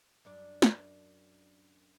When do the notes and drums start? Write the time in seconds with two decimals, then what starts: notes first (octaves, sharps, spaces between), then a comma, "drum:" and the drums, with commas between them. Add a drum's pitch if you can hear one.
0.25 F#2 D4 D5
0.62 drum: snare